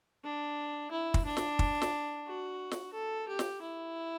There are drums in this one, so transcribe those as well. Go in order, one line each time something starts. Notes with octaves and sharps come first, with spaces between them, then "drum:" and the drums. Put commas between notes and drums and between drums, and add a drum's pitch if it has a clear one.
D4
E4
drum: kick
D4
drum: snare
drum: kick
drum: snare
F#4
drum: snare
A4
G4
drum: snare
E4